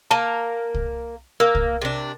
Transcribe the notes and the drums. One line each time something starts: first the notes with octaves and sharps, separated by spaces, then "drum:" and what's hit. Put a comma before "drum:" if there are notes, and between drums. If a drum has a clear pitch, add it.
A#3 A#4 A5
drum: kick C2
A#3 A#4
drum: kick C2
C3 D4